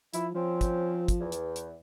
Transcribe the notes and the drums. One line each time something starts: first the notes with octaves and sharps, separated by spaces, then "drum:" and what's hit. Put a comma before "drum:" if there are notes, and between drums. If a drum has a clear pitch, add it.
F3 E4, drum: hi-hat
F3 C4 C#4 C5
drum: kick, hi-hat
drum: kick, hi-hat
E2
drum: hi-hat
drum: hi-hat